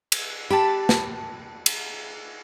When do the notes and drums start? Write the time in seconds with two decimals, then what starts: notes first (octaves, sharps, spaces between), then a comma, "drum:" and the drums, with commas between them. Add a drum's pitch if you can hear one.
0.12 drum: cymbal
0.50 G4 A5 B5
0.89 drum: snare
1.66 drum: cymbal